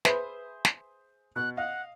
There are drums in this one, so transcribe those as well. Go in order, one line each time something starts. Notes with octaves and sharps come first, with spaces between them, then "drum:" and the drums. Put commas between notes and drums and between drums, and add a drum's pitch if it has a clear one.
G#4 B4 C5 E5, drum: snare
drum: snare
B2 F#6
D#5 F5 F#5